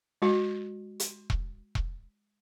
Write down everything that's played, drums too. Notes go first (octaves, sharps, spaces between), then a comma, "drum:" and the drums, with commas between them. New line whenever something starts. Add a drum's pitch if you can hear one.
G#3 F#4
drum: hi-hat
drum: kick E1
drum: kick E1